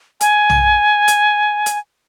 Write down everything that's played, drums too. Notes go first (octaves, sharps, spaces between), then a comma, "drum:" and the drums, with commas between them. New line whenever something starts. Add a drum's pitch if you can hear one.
G#5, drum: hi-hat
drum: tom
drum: hi-hat
drum: hi-hat